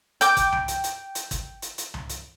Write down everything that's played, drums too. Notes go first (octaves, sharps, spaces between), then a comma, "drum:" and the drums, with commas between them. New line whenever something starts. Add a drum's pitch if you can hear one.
G5 D6, drum: hi-hat
drum: kick, hi-hat
drum: tom C2
drum: hi-hat
drum: hi-hat
drum: hi-hat
drum: kick, hi-hat
drum: hi-hat
drum: hi-hat
drum: tom C2
drum: hi-hat